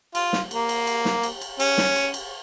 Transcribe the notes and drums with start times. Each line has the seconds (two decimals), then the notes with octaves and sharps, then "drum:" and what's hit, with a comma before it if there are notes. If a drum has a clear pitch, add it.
0.15 F4, drum: cymbal
0.33 drum: snare
0.51 A#3, drum: cymbal
0.69 drum: cymbal
0.87 drum: cymbal
1.05 drum: snare
1.23 drum: cymbal
1.42 drum: cymbal
1.60 C#4, drum: cymbal
1.78 drum: snare
1.96 drum: cymbal
2.14 drum: cymbal